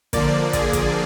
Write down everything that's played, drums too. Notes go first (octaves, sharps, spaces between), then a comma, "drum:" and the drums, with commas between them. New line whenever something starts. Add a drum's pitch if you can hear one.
D3 F3 A#3 D5, drum: kick, hi-hat
G#4, drum: kick, hi-hat
drum: kick, hi-hat